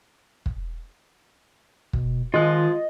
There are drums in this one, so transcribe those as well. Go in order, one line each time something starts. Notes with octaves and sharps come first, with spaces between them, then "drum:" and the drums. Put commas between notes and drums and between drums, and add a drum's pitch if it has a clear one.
drum: kick
B2, drum: kick
D#3 F3 G#3 F4 D#5 F#6